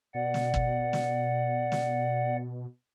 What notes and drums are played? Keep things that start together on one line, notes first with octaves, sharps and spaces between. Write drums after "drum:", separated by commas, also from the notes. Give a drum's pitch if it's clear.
B2 D5 F#5
drum: snare
drum: kick
drum: snare
drum: snare